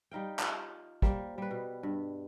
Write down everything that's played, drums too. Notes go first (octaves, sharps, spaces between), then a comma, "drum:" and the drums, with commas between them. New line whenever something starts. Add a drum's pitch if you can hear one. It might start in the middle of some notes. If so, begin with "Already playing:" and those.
G3 D#4 F5 G5
F4, drum: clap
G3 A#3 C5, drum: kick
G3 B4
B2
G2